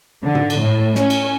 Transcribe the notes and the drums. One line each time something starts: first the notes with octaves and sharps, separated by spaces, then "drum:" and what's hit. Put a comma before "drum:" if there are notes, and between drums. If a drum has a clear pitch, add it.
D3
drum: tom G#2
drum: cymbal
A2
C#4, drum: snare
drum: cymbal